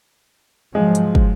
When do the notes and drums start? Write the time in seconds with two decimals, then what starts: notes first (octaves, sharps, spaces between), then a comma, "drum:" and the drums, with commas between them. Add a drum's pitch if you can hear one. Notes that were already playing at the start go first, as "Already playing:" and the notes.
0.75 G#2 F3 F#3 G#3
0.95 drum: hi-hat
1.15 drum: kick